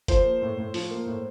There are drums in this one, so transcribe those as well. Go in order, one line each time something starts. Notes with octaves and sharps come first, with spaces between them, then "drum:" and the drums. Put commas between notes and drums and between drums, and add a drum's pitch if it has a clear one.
F3 C5, drum: kick, hi-hat
A#3
A2
A2
F3, drum: open hi-hat
A#3
A2